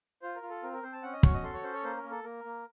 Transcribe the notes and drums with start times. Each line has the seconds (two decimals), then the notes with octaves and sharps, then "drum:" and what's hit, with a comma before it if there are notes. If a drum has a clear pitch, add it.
0.22 F4 C5
0.36 A#4
0.42 F4
0.50 A4
0.63 C4 A#4
0.73 A#4
0.83 C4 C5
0.93 A5
1.03 C#4 F#5
1.13 D#5
1.23 F#4 C#5, drum: kick
1.34 D#5
1.43 A4 C6
1.53 C#5
1.63 C#4 C5
1.74 C#5
1.84 A#3 C5
1.97 A#4
2.04 A#3
2.11 A4
2.23 A#3 A#4
2.44 A#3